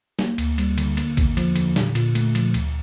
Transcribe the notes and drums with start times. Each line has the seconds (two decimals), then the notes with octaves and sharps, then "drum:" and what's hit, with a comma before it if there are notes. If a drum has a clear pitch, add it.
0.19 A#3, drum: snare
0.38 D2, drum: cymbal
0.58 G3, drum: cymbal
0.78 D3, drum: cymbal
0.97 A#3, drum: cymbal
1.17 E2, drum: kick, cymbal
1.37 F3, drum: cymbal
1.55 D3, drum: cymbal
1.76 A#2, drum: snare
1.95 A#2, drum: cymbal
2.15 A3, drum: cymbal
2.35 F3, drum: cymbal
2.54 D2, drum: cymbal